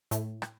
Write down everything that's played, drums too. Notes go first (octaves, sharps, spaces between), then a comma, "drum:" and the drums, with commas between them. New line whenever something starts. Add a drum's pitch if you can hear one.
A2, drum: hi-hat
drum: rim click